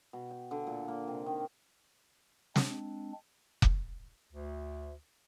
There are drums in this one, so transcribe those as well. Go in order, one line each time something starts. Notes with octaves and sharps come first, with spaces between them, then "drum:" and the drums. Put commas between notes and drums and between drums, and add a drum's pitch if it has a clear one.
B2
G5
D3
A#2
A#3
C3
D#3
G#3 C4 D4, drum: snare
drum: kick F1
D2